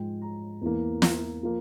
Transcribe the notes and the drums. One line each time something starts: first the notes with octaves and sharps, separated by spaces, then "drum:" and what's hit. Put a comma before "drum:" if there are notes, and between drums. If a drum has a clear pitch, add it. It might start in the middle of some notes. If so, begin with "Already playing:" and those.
Already playing: G#2 F3 G#3 G5
A#5
E2 E3 A#3
drum: snare
F3 A#3